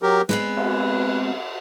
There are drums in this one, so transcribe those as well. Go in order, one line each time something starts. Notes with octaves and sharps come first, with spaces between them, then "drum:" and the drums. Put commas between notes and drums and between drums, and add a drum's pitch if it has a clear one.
F#3 G4 A#4
G#3 B3 C4 B4, drum: snare
drum: cymbal